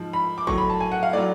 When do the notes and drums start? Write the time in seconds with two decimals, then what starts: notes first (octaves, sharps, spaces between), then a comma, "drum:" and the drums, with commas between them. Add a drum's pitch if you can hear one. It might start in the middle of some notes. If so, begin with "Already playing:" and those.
Already playing: G#2 F3
0.13 B5
0.38 D6
0.47 A2 F#3 C#6, drum: kick G1
0.58 B5
0.70 A5
0.80 G#5
0.92 F#5
1.03 F5
1.13 A2 F#3 D5